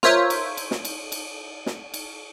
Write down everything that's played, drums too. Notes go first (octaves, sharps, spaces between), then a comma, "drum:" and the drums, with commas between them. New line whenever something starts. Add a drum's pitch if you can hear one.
F4 A#4 C5 C#5 E5, drum: snare
drum: cymbal
drum: cymbal
drum: snare
drum: cymbal
drum: cymbal
drum: snare
drum: cymbal